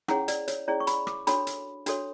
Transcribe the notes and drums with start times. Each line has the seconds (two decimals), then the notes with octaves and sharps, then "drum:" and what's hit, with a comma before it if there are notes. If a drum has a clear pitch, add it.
0.08 C#4 E4 G#4 C#5 F#5, drum: rim click
0.28 D5, drum: hi-hat
0.48 C#5, drum: hi-hat
0.68 C#4 E4 G#4 C#5 D5
0.80 C#6
0.87 B5, drum: hi-hat
1.07 D6, drum: rim click
1.27 D4 F#4 A4 C#5 B5, drum: hi-hat
1.47 drum: hi-hat
1.86 D4 F#4 A4 C#5, drum: hi-hat